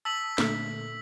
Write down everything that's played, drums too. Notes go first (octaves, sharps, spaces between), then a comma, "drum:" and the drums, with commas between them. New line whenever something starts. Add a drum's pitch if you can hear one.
A5 D#6 E6 B6 F#7
A#2 D3 A3, drum: snare